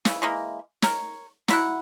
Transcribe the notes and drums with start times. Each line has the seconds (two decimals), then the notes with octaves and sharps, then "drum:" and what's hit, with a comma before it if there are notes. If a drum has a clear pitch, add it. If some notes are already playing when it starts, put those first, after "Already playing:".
0.05 C#3 E3, drum: snare
0.22 E3 G#3 A#3
0.82 A#4 C#5, drum: snare
1.48 F#3 E4 F#5, drum: snare